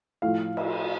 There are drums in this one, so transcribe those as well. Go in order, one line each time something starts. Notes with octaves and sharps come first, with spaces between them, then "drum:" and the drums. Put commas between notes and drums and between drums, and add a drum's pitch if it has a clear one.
A2 F3 F5
drum: cymbal